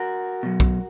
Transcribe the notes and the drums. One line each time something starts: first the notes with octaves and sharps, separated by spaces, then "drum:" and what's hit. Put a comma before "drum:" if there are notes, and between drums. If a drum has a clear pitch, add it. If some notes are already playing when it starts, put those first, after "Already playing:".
Already playing: F#4 A#4
B2 F#3
drum: kick B1